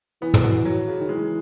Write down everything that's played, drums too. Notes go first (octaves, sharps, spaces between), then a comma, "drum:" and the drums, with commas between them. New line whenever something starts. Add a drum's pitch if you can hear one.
E3 B3
drum: tom
F#4
F#3
C#3
D#3
E3 G#3